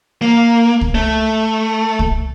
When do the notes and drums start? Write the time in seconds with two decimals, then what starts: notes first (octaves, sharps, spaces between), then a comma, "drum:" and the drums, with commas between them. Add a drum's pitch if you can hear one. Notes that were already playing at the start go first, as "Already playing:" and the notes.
0.22 A#3
0.81 drum: kick C2
0.95 A3
1.99 drum: kick C2